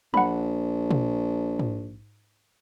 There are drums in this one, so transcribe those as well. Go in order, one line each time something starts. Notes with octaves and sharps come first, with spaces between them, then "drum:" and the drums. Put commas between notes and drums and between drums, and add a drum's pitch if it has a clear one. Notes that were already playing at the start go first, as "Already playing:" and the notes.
A#1 F#5 B5, drum: tom F3
drum: tom
drum: tom G#2